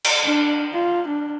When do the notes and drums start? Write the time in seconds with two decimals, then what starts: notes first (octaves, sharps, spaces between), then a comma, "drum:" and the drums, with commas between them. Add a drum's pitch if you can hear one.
0.04 drum: cymbal
0.24 D4
0.73 F4
1.07 D4